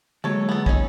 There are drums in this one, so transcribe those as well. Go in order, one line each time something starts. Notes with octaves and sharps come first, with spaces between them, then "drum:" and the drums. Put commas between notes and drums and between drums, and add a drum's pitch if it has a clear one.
D3 F#3 G#3 A#3 A4 C#5
B3 A4
C#4 D#4, drum: kick